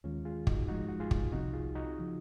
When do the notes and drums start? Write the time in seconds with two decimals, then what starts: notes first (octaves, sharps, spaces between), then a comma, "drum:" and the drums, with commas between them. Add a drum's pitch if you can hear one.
0.04 D#2 D#3 G#3 C#4 F4
0.25 F4 G#4
0.47 D#4 F#4, drum: kick
0.68 G#2 F3 G#3 D#4 F#4
0.89 F#4
1.00 F4 G#4
1.11 drum: kick
1.32 C2 C3 F3 C4 D#4 F#4
1.53 F4 G#4
1.75 D#4 F#4
1.98 C#3 F3